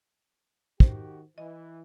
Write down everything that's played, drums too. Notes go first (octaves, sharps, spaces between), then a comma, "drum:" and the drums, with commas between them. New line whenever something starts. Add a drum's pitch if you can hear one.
D#3 F#4 G4 C5, drum: kick
E3 D#5